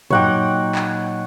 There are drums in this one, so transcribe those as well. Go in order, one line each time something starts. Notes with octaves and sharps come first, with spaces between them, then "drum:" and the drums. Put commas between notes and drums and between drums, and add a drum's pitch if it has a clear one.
A#2 F#3 D#4 C#5 F#5 G5, drum: tom
drum: clap